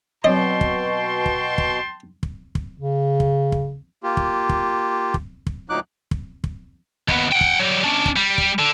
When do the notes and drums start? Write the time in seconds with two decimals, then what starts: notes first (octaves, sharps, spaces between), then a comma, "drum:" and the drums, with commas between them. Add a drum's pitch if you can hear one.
0.24 B2 F#3 C4 C#5 D#5 G5 A5 C6
0.61 drum: kick
1.26 drum: kick
1.58 drum: kick
2.23 drum: kick
2.55 drum: kick
2.79 C#3
3.20 drum: kick
3.52 drum: kick
4.03 A#3 F4 G4
4.17 drum: kick
4.49 drum: kick
5.14 drum: kick
5.47 drum: kick
5.70 D2 A#2 F#3 D#4 D6 F#6
6.11 drum: kick
6.44 drum: kick
7.08 D#2 B3, drum: kick
7.32 F#5 G5
7.41 drum: kick
7.59 F#3 G3
7.84 C#4 D4
8.06 drum: kick
8.16 G3
8.38 drum: kick
8.59 D3